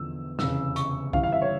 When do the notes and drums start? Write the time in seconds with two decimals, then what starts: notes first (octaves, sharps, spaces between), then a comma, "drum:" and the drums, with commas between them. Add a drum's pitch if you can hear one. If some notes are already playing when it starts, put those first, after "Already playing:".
Already playing: E2 D3 F3 E6
0.39 F1 E2 C#3 E6, drum: snare
0.76 C#6, drum: hi-hat
1.13 G1 G2 E3 F5, drum: kick B1
1.23 F5
1.33 E5
1.42 C#5